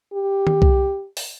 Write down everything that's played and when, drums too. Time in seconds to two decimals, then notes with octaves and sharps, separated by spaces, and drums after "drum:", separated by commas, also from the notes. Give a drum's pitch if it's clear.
0.13 G4
0.47 drum: tom D#3
0.62 drum: kick C2
1.17 drum: open hi-hat